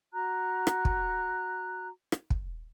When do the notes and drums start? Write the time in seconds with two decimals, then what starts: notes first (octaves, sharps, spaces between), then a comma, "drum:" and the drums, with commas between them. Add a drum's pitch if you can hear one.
0.12 F#4 A#5 F#6
0.67 drum: rim click
0.85 drum: kick
2.12 drum: rim click
2.30 drum: kick